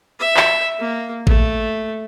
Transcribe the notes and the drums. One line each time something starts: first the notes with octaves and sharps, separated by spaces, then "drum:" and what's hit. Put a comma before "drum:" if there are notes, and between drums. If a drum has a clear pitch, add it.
E5
drum: clap
A#3
A3, drum: kick A1